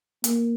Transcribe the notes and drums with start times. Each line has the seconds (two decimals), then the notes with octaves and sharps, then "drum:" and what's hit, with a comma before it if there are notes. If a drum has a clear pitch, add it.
0.24 A#3, drum: hi-hat